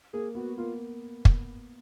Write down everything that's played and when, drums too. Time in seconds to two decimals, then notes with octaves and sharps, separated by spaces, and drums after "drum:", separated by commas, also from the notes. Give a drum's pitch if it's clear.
0.13 A#3 G#4
0.35 B3 F#4
0.58 A#3 F4
1.25 drum: kick